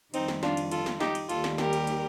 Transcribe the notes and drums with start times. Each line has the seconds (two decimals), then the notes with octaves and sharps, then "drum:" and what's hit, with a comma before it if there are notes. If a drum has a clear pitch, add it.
0.14 F2 D#3 G3 C4 D#4, drum: cymbal
0.28 drum: snare
0.43 D4 F4, drum: snare
0.57 drum: cymbal
0.71 F4 A4, drum: cymbal
0.86 drum: snare
1.00 D#4 G4, drum: snare
1.15 drum: cymbal
1.29 D#2 D#3 G3 F4 A4, drum: cymbal
1.44 drum: snare
1.58 G4 A#4, drum: snare
1.73 drum: cymbal
1.87 drum: cymbal